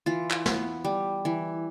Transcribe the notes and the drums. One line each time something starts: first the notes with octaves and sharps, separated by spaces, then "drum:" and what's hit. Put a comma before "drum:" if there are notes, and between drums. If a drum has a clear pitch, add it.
E3 F4
drum: clap
B3, drum: snare
G3
E3